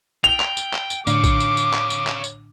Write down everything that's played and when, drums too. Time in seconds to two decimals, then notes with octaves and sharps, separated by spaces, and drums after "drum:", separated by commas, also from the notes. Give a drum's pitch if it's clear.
0.24 G5 F7
0.40 drum: clap
0.57 drum: tambourine
0.74 drum: clap
0.90 drum: tambourine
1.07 A2 D3 D4 C#5 F5 D6, drum: tambourine
1.24 drum: kick A#1, tambourine
1.40 drum: tambourine
1.57 drum: tambourine
1.74 drum: clap
1.90 drum: tambourine
2.07 drum: clap
2.24 drum: tambourine